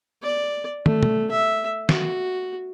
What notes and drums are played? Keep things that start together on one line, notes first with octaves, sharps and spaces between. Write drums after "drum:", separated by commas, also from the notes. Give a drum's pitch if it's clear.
D5
A3, drum: tom
drum: tom
E5
F#4, drum: snare